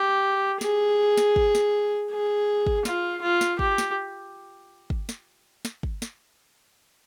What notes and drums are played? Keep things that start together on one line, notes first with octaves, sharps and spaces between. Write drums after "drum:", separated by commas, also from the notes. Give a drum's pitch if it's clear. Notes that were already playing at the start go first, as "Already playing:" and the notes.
Already playing: G4
G#4, drum: snare
drum: snare
drum: kick
drum: snare
G#4
drum: kick
F4, drum: snare
F4
drum: snare
G4, drum: kick
drum: snare
drum: kick
drum: snare
drum: snare
drum: kick
drum: snare